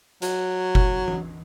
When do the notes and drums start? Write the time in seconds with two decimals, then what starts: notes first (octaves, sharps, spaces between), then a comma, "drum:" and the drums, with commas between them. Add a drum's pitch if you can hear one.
0.22 F#3, drum: hi-hat
0.75 drum: kick F#1
1.08 drum: tom E3